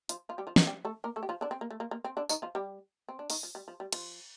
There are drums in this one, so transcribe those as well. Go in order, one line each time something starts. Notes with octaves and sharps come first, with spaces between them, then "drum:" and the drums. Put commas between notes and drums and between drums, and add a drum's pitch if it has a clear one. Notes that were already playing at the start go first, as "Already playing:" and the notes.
F3 F4, drum: hi-hat
F3 F4
G3 G4
F3 F4
D#3 D#4, drum: snare
G3 G4
A3 A4
A#3 A#4
A3 A4
G4
F3 F4
D3 D4
C4
A#3
A3
A#3
A#3
C4
D3 D4
D#3 D#4, drum: tambourine
F3 F4
G3 G4
C4
D4
D#3 D#4, drum: open hi-hat
F3
G3
F3
G3
F3, drum: cymbal